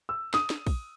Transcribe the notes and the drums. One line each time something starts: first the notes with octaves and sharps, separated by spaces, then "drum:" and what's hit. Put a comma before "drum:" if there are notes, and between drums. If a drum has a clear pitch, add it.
E6
D#6, drum: snare
drum: snare
drum: kick, open hi-hat